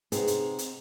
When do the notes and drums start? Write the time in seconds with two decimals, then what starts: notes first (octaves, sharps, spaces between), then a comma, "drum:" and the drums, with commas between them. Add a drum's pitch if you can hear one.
0.12 C3 B3 D#4 G#4, drum: hi-hat
0.27 drum: hi-hat
0.59 drum: hi-hat